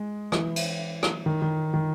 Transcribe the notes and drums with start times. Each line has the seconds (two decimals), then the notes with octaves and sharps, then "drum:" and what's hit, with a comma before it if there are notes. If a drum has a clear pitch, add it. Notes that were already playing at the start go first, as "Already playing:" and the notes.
Already playing: G#3
0.32 E3, drum: rim click
0.56 drum: cymbal
1.03 drum: rim click
1.26 D#3
1.42 D#3
1.74 D#3